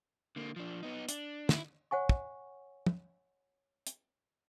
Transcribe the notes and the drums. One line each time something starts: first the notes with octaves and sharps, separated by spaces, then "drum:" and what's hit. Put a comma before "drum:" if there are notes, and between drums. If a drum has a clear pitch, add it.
D3 A#3
F3 D4
B3 D#4
D4, drum: hi-hat
E4, drum: snare
C#5 F#5 G#5 C#6
drum: kick
drum: tom
drum: hi-hat